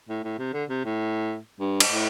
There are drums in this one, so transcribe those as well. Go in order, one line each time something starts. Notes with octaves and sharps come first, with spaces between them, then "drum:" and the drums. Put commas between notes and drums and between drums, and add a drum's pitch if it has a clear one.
A2
A2
C3
D3
C3
A2
G2
drum: cymbal
A2